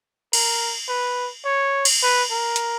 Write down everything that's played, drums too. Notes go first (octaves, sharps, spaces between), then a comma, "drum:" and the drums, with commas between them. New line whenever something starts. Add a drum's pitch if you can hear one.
A#4, drum: cymbal
B4
C#5
drum: cymbal
B4
A#4
drum: hi-hat